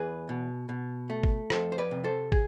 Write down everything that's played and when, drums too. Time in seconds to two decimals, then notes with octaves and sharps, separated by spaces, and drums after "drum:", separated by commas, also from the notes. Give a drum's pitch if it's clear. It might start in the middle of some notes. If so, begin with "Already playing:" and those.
Already playing: E2 G#4 B4
0.29 B2
0.69 B2
1.10 A3
1.23 drum: kick
1.50 F2 A4 C5, drum: rim click
1.72 C5
1.78 B4 D5
1.91 C3
2.04 A4 C5
2.32 G#4, drum: kick